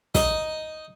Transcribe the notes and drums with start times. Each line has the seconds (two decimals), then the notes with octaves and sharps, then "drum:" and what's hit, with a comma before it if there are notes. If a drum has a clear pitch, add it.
0.15 D#4, drum: snare